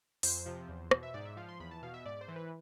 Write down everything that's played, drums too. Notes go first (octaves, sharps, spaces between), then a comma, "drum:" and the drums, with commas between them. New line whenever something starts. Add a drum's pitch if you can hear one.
F2 C5, drum: open hi-hat
C3 F3
E2
B2, drum: rim click
E5
G#2 D5
E5
F3 F5
C6
E2 B5
A5
B2 F5
E5
G#2 D5
C5
E3
B4